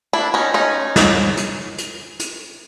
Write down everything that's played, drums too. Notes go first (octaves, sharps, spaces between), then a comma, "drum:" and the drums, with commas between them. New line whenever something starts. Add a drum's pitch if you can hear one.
D4 E4
C#4 D#4
C#4 D#4
drum: snare
drum: hi-hat
drum: hi-hat
drum: hi-hat